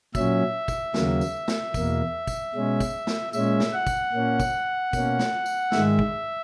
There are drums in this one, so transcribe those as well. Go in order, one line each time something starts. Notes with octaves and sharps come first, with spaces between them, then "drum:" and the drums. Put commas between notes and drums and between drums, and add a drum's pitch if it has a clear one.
A#2 F#3 C#4 E5, drum: kick, tambourine
drum: kick, tambourine
D#2 C#3 F#3 A#3, drum: snare
drum: tambourine
drum: snare
E2 B2 A#3, drum: kick, tambourine
drum: kick, tambourine
B2 G#3 C#4
drum: kick, tambourine
drum: snare
A#2 G#3 C#4 E5, drum: tambourine
drum: snare
F#5
drum: kick, tambourine
A#2 A#3 C#4
drum: kick, tambourine
B2 A#3 C#4, drum: kick, tambourine
drum: snare
drum: tambourine
G#2 D#3 G#3 E5, drum: snare
drum: kick